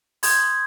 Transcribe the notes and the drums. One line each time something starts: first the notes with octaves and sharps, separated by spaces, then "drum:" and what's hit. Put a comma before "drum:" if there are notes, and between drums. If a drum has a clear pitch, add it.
C6 D#6 G6 G#6, drum: open hi-hat